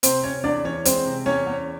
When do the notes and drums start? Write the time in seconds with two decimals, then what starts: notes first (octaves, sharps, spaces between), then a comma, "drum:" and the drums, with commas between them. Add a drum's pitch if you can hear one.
0.03 C3 C4 C5, drum: hi-hat
0.23 C3 C#4 C#5
0.44 E2 D4 D5
0.64 E3 C#4 C#5
0.85 G#3 C4 C5, drum: hi-hat
1.05 C3
1.26 E2 C#4 C#5
1.46 E2